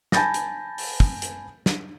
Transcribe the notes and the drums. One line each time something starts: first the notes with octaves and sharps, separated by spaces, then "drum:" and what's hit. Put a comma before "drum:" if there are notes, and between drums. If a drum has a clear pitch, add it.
G#5 A5 B5 G6 A6 A#6, drum: snare
drum: hi-hat
drum: open hi-hat
drum: kick
drum: hi-hat
drum: snare